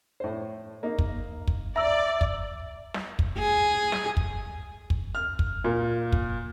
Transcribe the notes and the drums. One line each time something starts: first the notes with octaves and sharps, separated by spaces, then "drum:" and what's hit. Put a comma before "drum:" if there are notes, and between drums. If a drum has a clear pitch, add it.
A2 C5
A#3 D#4
drum: kick
drum: kick
D5 E5 A#5 E6
drum: kick
drum: snare
drum: kick
G#4
drum: snare
drum: kick
drum: kick
F6
drum: kick
A#2
drum: kick